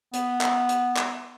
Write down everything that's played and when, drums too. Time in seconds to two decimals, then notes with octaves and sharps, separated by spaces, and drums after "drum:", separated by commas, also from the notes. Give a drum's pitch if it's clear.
0.13 B3, drum: hi-hat
0.41 drum: clap
0.69 drum: hi-hat
0.97 drum: clap